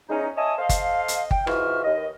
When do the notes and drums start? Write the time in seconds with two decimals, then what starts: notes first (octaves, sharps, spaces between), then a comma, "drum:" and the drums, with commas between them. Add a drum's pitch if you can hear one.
0.09 E2 G#3 C#4 D#4
0.37 C#5 D#5 E5 G#5 A5 D#6
0.59 A4 C5 D#5 F5
0.69 drum: kick G1, hi-hat
1.08 drum: hi-hat
1.31 G5, drum: kick G1
1.47 G#2 E3 F4 F#4 E5 F6, drum: rim click
1.84 D#2 D#5